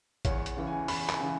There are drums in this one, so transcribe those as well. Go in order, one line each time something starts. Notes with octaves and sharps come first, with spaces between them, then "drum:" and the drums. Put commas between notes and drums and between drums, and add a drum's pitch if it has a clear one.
E2 C#5, drum: kick A1, hi-hat
drum: hi-hat
C#3 E3
G#5
E2 B5, drum: open hi-hat
G#5, drum: clap
C#3 E3